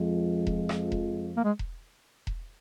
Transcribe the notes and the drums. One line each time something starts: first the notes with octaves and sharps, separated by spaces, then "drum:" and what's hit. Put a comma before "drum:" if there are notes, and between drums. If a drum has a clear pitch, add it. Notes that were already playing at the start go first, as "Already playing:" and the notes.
Already playing: F2 F3 G#3
drum: kick E1
drum: rim click
drum: kick E1
A#3
G#3
drum: kick E1
drum: kick E1